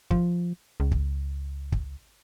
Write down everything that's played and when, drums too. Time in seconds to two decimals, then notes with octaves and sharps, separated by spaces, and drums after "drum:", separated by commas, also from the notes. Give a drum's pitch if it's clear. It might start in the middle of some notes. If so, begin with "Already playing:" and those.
0.11 F3, drum: kick
0.80 C#2
0.91 drum: kick
1.72 drum: kick